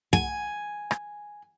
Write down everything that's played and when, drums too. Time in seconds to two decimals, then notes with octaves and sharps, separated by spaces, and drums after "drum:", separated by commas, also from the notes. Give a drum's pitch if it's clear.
0.13 G#5, drum: kick
0.91 drum: rim click